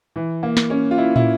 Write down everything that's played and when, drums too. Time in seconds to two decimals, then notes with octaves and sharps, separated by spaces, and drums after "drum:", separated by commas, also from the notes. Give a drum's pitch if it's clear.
0.16 E3
0.43 A#3
0.57 drum: snare
0.70 C#4
0.91 F4
0.98 E4
1.16 E4, drum: tom